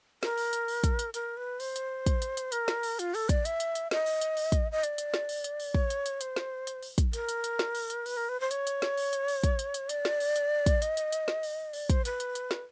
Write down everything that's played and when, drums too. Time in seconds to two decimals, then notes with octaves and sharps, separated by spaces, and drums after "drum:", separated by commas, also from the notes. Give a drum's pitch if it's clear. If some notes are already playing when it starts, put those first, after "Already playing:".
0.23 A#4, drum: snare
0.38 drum: open hi-hat
0.53 drum: hi-hat
0.68 drum: open hi-hat
0.84 drum: kick, hi-hat
0.99 drum: hi-hat
1.14 A#4, drum: hi-hat
1.37 B4
1.60 C5, drum: open hi-hat
1.76 drum: hi-hat
2.06 drum: kick, hi-hat
2.22 drum: hi-hat
2.37 drum: hi-hat
2.52 A#4, drum: hi-hat
2.68 drum: snare
2.83 drum: open hi-hat
2.99 F4, drum: hi-hat
3.15 A4, drum: open hi-hat
3.29 D5, drum: kick, hi-hat
3.45 E5, drum: hi-hat
3.60 drum: hi-hat
3.75 drum: hi-hat
3.91 D#5, drum: snare
4.06 drum: open hi-hat
4.21 drum: hi-hat
4.37 drum: open hi-hat
4.52 drum: kick, hi-hat
4.72 D#5
4.83 D5, drum: hi-hat
4.98 drum: hi-hat
5.14 drum: snare
5.29 drum: open hi-hat
5.44 drum: hi-hat
5.60 drum: open hi-hat
5.75 C#5, drum: kick
5.90 drum: hi-hat
6.06 drum: hi-hat
6.21 C5, drum: hi-hat
6.36 drum: snare
6.67 drum: hi-hat
6.83 drum: open hi-hat
6.98 drum: kick, hi-hat
7.13 A#4, drum: hi-hat
7.29 drum: hi-hat
7.44 drum: hi-hat
7.59 drum: snare
7.75 drum: open hi-hat
7.90 drum: hi-hat
8.06 B4, drum: open hi-hat
8.17 A#4
8.29 B4
8.40 C5
8.51 C#5, drum: hi-hat
8.67 drum: hi-hat
8.82 drum: snare
8.97 drum: open hi-hat
9.13 drum: hi-hat
9.28 drum: open hi-hat
9.44 drum: kick, hi-hat
9.59 drum: hi-hat
9.74 drum: hi-hat
9.89 D5, drum: hi-hat
10.05 drum: snare
10.20 drum: open hi-hat
10.36 drum: hi-hat
10.66 drum: kick, hi-hat
10.82 D#5, drum: hi-hat
10.97 drum: hi-hat
11.12 drum: hi-hat
11.28 drum: snare
11.43 drum: open hi-hat
11.73 D5, drum: open hi-hat
11.90 C5, drum: kick, hi-hat
12.05 B4, drum: hi-hat
12.20 drum: hi-hat
12.35 drum: hi-hat
12.51 drum: snare